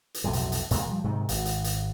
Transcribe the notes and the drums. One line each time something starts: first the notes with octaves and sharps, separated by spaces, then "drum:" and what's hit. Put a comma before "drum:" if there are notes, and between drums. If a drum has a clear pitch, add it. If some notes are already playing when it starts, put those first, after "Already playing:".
drum: hi-hat
B1 F2 A2 C3
drum: hi-hat
drum: hi-hat
D#2 A#2 D#3 G#3, drum: hi-hat
F3 G3
G#2 C3 D#3
G#1, drum: hi-hat
drum: hi-hat
drum: hi-hat